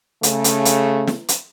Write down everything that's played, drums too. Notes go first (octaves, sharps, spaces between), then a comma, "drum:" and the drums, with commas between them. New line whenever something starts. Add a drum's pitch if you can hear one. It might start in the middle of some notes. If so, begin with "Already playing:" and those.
C#3 A3, drum: hi-hat
drum: hi-hat
drum: hi-hat
drum: snare
drum: hi-hat